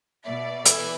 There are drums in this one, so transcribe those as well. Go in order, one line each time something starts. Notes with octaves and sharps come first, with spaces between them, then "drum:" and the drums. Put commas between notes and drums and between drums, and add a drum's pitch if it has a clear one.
B2 D5 E5
A4 B4 E5, drum: hi-hat